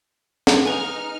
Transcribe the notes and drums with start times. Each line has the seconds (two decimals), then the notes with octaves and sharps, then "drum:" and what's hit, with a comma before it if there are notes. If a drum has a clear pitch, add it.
0.47 drum: snare
0.66 D#4 G#4 B4 G#5 F6